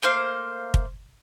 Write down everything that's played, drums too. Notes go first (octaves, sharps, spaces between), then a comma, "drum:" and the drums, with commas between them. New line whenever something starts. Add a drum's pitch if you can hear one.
A3 A#3 C5 F5
drum: kick